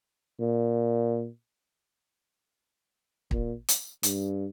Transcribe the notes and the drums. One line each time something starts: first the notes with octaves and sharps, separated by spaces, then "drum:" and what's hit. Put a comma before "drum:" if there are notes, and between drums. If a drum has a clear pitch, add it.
A#2
A#2, drum: kick
drum: hi-hat
G2, drum: hi-hat